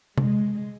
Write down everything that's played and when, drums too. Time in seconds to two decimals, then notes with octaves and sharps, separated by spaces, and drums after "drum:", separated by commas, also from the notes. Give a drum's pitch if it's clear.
0.18 G#3, drum: tom C3